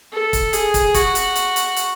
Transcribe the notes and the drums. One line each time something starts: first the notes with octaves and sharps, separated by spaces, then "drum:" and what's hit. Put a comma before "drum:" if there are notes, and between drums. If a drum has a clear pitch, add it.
A4
drum: kick, hi-hat
G#4, drum: hi-hat
drum: kick, hi-hat
F#4, drum: kick, hi-hat
drum: hi-hat
drum: hi-hat
drum: hi-hat
drum: hi-hat